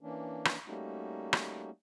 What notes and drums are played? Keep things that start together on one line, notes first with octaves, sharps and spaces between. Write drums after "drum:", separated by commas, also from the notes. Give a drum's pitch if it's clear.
E3 A#3 C#4 D4
drum: rim click
G3 A3 A#3 C#4 D#4 F#4
drum: rim click